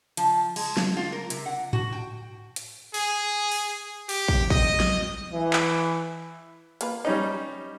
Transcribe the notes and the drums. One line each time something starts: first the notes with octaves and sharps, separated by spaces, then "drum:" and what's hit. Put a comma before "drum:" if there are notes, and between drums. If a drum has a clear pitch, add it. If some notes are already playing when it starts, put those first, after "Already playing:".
F3, drum: hi-hat
G#3, drum: cymbal
F4, drum: snare
F4
A#4
C3, drum: hi-hat
F#5
F#4, drum: tom G#2
G5
drum: hi-hat
G#4, drum: open hi-hat
drum: open hi-hat
G4, drum: open hi-hat
drum: kick
D#5, drum: kick
drum: snare
E3
drum: clap
A#3 F4 B4, drum: hi-hat
G3 C#4 D#4 D#5